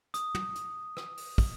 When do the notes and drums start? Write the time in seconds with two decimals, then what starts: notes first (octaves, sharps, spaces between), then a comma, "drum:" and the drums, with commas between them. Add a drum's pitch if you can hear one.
0.14 D#6, drum: hi-hat
0.35 drum: tom
0.55 drum: hi-hat
0.97 drum: rim click
1.17 drum: open hi-hat
1.38 drum: kick, open hi-hat